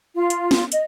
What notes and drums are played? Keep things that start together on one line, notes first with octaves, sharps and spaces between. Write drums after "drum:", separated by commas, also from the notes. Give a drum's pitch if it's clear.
F4
drum: hi-hat
drum: snare
D#5, drum: hi-hat